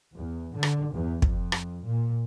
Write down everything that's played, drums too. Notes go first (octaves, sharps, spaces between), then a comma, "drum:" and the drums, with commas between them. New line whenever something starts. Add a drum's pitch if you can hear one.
E2
D3
drum: rim click
E2
F2, drum: kick
drum: rim click
A#2